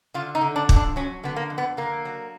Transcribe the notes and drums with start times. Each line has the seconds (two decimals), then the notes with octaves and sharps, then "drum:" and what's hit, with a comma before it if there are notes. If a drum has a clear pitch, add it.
0.14 D3 F4
0.35 D#4
0.41 D3
0.56 D4
0.69 F2, drum: kick
0.76 D4
0.96 F#3 C#4
1.24 D3 B3
1.36 A#3
1.50 F2
1.58 B3
1.77 D3 A#3
2.05 F#3